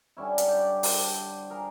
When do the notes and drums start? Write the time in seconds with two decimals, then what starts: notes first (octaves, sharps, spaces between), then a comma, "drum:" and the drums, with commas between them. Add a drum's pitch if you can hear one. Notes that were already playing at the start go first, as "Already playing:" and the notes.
0.17 D3 G3 C#4 E4
0.38 drum: hi-hat
0.49 G4 D5
0.83 D4 G4 C5 D5, drum: open hi-hat
1.50 G#4 A#4